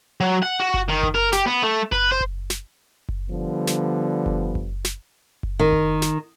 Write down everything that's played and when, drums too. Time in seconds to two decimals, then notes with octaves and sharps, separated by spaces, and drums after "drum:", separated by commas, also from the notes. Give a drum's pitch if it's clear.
0.20 F#3
0.42 F#5
0.60 F#4
0.74 drum: kick F#1
0.89 D#3
1.03 drum: kick F#1
1.15 A#4
1.32 G4, drum: snare
1.46 B3
1.62 A3
1.92 B4, drum: kick F#1
2.11 C5
2.21 drum: kick F#1
2.50 drum: snare
3.09 drum: kick F#1
3.30 D3 F3 G3 B3
3.67 drum: snare
4.26 drum: kick F#1
4.55 drum: kick F#1
4.85 drum: snare
5.43 drum: kick F#1
5.59 D#3
5.73 drum: kick F#1
6.02 drum: snare